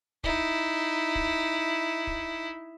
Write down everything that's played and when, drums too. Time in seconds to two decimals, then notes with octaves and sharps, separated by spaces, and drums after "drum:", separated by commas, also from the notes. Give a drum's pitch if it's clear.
0.24 D#4 E4, drum: kick
1.15 drum: kick
2.07 drum: kick